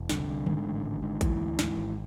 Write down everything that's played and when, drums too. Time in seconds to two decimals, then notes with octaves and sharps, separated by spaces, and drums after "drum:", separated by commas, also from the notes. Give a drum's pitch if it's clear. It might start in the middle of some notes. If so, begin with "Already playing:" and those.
Already playing: E1
0.09 C2 D3, drum: snare
0.28 C2
0.46 G#2, drum: tom D3
0.66 A1
0.84 G#1
1.02 G#2
1.21 D2 E3, drum: kick A1, hi-hat
1.40 D2
1.59 G#2, drum: snare
1.77 G#1